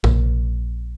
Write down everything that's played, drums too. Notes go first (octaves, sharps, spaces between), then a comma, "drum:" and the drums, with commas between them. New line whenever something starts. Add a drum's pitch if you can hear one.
A#1, drum: kick